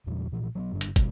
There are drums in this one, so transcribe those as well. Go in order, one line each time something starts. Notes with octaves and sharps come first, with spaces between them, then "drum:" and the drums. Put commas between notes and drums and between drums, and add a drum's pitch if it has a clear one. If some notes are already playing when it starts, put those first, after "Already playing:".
E2 A#2 F3 G3
A#2 E3 F3
F#3 A3 B3
F#1 G2 D3 D4
drum: hi-hat
F#1 B2 G3, drum: kick, hi-hat